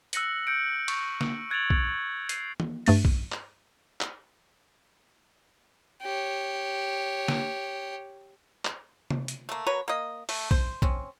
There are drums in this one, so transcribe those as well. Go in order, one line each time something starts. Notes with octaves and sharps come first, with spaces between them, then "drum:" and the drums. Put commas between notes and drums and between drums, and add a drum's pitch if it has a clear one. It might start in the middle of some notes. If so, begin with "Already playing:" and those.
E6 F#6 A#6 C#7 F#7, drum: hi-hat
E6 G6 C#7 D7
C#6, drum: cymbal
drum: snare
F#6 G#6 A6 D7 F7 F#7
drum: kick B1
C7, drum: hi-hat
drum: tom D#3
G2 A3 A6, drum: open hi-hat
drum: kick B1
drum: clap
drum: clap
G4 C#5
drum: snare
drum: clap
drum: tom C3
drum: hi-hat
A3 A#3
F#3 A#4 B4 C#5
A#3 D#5
A3, drum: open hi-hat
C5, drum: kick B1
C4 C#4, drum: kick B1